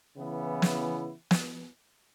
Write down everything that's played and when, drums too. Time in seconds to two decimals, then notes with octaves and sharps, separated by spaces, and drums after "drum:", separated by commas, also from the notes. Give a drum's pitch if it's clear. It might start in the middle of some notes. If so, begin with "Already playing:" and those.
0.16 C#3 E3 B3 E4
0.62 drum: snare
1.31 drum: snare